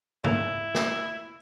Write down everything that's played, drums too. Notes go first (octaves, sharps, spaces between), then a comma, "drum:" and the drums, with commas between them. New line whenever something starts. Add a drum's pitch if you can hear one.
C#3 A#3 E4, drum: tom G#2
drum: snare